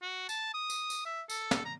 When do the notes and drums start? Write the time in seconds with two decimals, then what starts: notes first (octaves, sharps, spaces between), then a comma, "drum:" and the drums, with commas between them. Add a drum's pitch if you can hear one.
0.02 F#4
0.29 A5, drum: tambourine
0.54 D#6
0.70 drum: tambourine
0.90 drum: tambourine
1.06 E5
1.30 A4, drum: tambourine
1.51 drum: snare
1.65 A#5